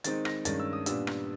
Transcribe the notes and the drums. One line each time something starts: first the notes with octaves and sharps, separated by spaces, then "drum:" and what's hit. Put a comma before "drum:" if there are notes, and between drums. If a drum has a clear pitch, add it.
D#3 G#3 C4 D#4 A6, drum: hi-hat
A#6, drum: rim click
G2 D#3 G#3 C#4 A6, drum: hi-hat
E6
D#6
A#2 G3 B3 D4 E6, drum: hi-hat
drum: rim click